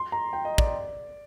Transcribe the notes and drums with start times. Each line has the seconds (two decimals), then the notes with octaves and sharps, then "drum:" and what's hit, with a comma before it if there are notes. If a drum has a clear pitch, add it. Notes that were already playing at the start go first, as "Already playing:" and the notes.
Already playing: C6
0.12 A#5
0.33 G5
0.45 D#5
0.58 D5, drum: kick